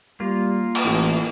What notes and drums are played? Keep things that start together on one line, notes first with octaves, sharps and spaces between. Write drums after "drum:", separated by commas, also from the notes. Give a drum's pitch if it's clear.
G3 A#3 F4
drum: cymbal
A1 E3